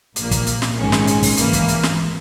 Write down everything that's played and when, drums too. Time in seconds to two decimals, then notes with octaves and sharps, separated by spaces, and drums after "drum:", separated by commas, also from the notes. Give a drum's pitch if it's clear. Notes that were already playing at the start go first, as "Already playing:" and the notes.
0.16 A#1 A#2 A#3, drum: hi-hat
0.31 drum: kick, hi-hat
0.47 drum: hi-hat
0.62 drum: snare
0.77 A#1 G#2 D#3 G#3 C#4
0.92 drum: snare
1.07 drum: hi-hat
1.23 drum: kick, open hi-hat
1.37 G#1 G#2 E3 A#3, drum: hi-hat
1.53 drum: kick, hi-hat
1.68 drum: hi-hat
1.83 drum: snare